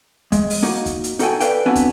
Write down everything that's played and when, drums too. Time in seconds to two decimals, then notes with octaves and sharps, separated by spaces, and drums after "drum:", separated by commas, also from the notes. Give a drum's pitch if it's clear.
0.32 G#3, drum: kick, hi-hat
0.50 drum: open hi-hat
0.63 A#3 D#4 F#4
0.86 drum: kick, hi-hat
1.04 drum: hi-hat
1.19 D#4 F#4 A4 C5 G5 G#5, drum: hi-hat
1.40 A4 B4 D5 F5 G5, drum: hi-hat
1.66 B3 C4 D4 F#4 B4 G#5
1.75 drum: kick, hi-hat